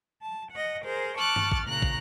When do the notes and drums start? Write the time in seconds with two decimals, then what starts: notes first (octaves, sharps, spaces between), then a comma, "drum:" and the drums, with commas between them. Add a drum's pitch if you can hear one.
0.22 A5
0.51 D#5 F#5
0.84 G#4 A#4 C5
1.17 A5 C#6 D6 F6 F#6 A6
1.36 drum: tom G2
1.52 drum: kick
1.67 A#2 C#3 A#5 F#6
1.82 drum: kick